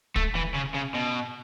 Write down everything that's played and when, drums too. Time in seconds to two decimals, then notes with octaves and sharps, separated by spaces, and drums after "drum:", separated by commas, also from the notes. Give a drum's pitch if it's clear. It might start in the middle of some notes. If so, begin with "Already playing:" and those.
0.16 A3, drum: kick
0.35 E3
0.54 C#3
0.74 C#3
0.94 B2